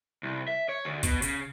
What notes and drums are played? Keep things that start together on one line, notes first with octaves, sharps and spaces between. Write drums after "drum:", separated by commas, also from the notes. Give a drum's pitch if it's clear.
C2
E5
C#5
D2
B2, drum: kick, hi-hat
C#3, drum: hi-hat